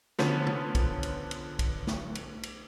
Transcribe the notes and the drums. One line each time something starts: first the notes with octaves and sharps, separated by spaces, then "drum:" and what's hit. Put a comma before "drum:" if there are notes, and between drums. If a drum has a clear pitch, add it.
D3 F3 B3 C#4, drum: snare
drum: tom
drum: kick, cymbal
drum: cymbal
drum: cymbal
drum: kick, cymbal
drum: snare
drum: cymbal
drum: cymbal